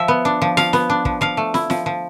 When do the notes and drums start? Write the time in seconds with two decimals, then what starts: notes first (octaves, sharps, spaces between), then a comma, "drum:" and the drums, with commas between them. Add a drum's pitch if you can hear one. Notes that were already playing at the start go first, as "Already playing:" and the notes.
Already playing: F3 E5
0.08 B3
0.25 D4
0.42 F3
0.57 F3 F5, drum: snare
0.73 B3, drum: snare
0.90 D4
1.05 F3, drum: kick
1.21 F3 F5
1.37 A3
1.54 E4, drum: snare
1.70 F3, drum: snare
1.86 F3